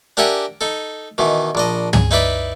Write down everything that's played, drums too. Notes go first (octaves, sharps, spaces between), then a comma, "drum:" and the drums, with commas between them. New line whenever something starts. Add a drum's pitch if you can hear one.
D4 G4 A#4 E5 F#5 G#5
D#4 A4
B2 D#3 E3
A#1 D4 D#5
G#4, drum: tom
D#4 E4 B4 D5 B5